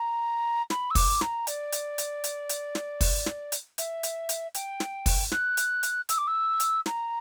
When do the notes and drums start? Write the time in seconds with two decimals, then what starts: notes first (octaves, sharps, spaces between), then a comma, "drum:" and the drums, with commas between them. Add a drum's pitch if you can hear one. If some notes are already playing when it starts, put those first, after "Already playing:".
Already playing: A#5
0.70 B5, drum: snare
0.90 E6
0.95 D6, drum: kick, open hi-hat
1.21 A#5, drum: snare
1.47 D5, drum: hi-hat
1.72 drum: hi-hat
1.98 drum: hi-hat
2.24 drum: hi-hat
2.49 drum: hi-hat
2.75 drum: snare
3.01 drum: kick, open hi-hat
3.26 drum: snare
3.52 drum: hi-hat
3.78 E5, drum: hi-hat
4.03 drum: hi-hat
4.29 drum: hi-hat
4.54 G5, drum: hi-hat
4.80 drum: snare
5.06 drum: kick, open hi-hat
5.32 F#6, drum: snare
5.57 drum: hi-hat
5.83 drum: hi-hat
6.09 E6, drum: hi-hat
6.17 D6
6.27 E6
6.60 drum: hi-hat
6.86 A#5, drum: snare